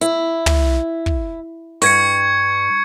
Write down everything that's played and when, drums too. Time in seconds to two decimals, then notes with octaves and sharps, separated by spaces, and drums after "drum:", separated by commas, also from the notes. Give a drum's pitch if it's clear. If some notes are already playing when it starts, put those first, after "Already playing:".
0.01 E4, drum: hi-hat
0.46 drum: tom
1.06 drum: kick
1.82 G2 C#6 G#6 C#7, drum: open hi-hat